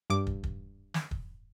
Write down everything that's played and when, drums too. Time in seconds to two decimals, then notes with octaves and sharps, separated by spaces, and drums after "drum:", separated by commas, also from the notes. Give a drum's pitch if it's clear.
0.10 G2 D6
0.27 drum: kick
0.43 drum: kick
0.94 drum: snare
1.11 drum: kick